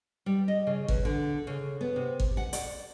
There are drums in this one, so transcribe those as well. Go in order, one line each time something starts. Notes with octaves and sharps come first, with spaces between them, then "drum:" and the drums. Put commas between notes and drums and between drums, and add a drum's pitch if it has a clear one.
G3
D#5
C#3
E2, drum: kick
D3
C#3
B3
C3
drum: kick
F#5
D5, drum: hi-hat